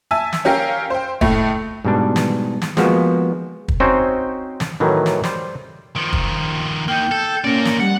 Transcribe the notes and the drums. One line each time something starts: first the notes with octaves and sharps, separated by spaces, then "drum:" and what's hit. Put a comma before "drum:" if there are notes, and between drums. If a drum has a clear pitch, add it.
E5 G#5 A5 E6
drum: snare
C#4 G4 A#4 F5 G5
C5 G5
C#2 A2 A3, drum: kick
G#2 B2 G3 D4
drum: snare
drum: snare
F3 G#3 A#3 B3 F#4 C5, drum: snare
drum: kick
C4 C#4 D#4 F#4 C5 C#5
drum: snare
A2 D#3 E3 F#3
drum: snare
G3 C5, drum: snare
D#3 F3
drum: kick
A#3 D#4 G5 G6
A4
A#3 C#4 A#4 D5
drum: snare
G3 F#5